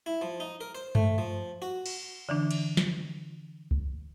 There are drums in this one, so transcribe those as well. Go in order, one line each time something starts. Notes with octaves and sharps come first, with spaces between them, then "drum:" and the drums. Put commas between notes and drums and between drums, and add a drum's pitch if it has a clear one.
E4
F3
D#4
A#4
C5
A3, drum: tom G2
F3
F#4
drum: cymbal
D3 E3 D4
drum: cymbal
drum: snare
drum: kick C#2